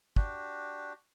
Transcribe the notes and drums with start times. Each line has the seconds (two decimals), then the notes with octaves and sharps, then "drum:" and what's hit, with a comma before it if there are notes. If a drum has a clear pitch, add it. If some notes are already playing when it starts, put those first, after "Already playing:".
0.16 D4 F#4 G4, drum: kick